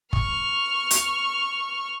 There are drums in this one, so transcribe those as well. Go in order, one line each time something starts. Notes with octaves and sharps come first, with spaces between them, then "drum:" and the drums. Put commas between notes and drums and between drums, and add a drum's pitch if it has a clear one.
C#6 F6, drum: kick
drum: hi-hat